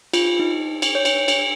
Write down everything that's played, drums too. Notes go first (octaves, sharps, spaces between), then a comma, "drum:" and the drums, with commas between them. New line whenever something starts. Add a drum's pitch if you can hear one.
F4, drum: cymbal
D#4
drum: cymbal
C#5
drum: cymbal
drum: cymbal